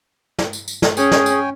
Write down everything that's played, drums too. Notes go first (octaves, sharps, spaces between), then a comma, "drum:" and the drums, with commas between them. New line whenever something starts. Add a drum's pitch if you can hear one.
drum: snare
drum: tambourine
drum: tambourine
drum: snare
C#4 G#4 C#5 G5 G#5, drum: tambourine
drum: snare
drum: tambourine